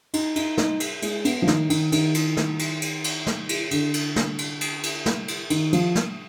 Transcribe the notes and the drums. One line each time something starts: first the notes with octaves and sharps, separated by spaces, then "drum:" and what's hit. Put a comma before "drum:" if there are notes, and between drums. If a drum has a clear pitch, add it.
D#4, drum: cymbal
D#4, drum: cymbal
D#4, drum: snare
drum: cymbal
G#3, drum: cymbal
B3, drum: cymbal
F3
D#3, drum: snare
D#3, drum: cymbal
D#3, drum: cymbal
drum: cymbal
drum: snare
drum: cymbal
drum: cymbal
drum: cymbal
drum: snare
drum: cymbal
D3, drum: cymbal
drum: cymbal
drum: snare
drum: cymbal
drum: cymbal
drum: cymbal
drum: snare
drum: cymbal
D#3, drum: cymbal
F3, drum: cymbal
drum: snare